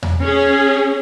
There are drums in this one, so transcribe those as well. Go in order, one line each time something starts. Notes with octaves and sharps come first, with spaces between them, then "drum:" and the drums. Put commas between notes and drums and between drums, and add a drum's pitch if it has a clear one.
drum: tom E2
C#4 G#4